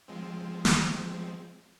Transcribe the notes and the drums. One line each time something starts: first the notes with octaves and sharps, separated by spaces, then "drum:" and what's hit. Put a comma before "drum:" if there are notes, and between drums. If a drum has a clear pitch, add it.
F3 G#3 C4
drum: snare